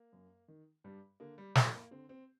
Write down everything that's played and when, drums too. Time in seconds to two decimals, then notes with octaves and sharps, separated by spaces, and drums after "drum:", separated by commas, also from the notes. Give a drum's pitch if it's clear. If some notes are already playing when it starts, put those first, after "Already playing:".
Already playing: A#3
0.13 F#2
0.48 D#3
0.84 G2 G3
1.20 D3 A#3
1.38 G3
1.55 F#2 A3, drum: snare
1.73 A#3
1.91 D3 C4
2.09 C4